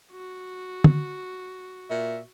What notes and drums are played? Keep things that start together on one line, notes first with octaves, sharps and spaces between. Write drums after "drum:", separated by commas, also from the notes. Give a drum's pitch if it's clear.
F#4
drum: tom
A#2 E5